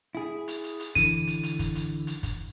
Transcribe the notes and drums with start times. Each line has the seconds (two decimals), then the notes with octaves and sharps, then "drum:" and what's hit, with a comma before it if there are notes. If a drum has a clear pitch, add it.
0.15 E4 G#4
0.48 drum: hi-hat
0.64 drum: hi-hat
0.79 drum: hi-hat
0.95 D3 E3 D#7, drum: kick F#1, hi-hat
1.27 drum: hi-hat
1.43 drum: hi-hat
1.59 drum: kick F#1, hi-hat
1.75 drum: hi-hat
2.07 drum: hi-hat
2.23 drum: kick F#1, hi-hat